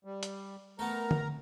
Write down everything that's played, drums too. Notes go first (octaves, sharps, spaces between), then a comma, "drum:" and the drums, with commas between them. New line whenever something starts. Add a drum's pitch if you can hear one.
G3
drum: hi-hat
A3 B3 A#4 A#5
drum: tom D3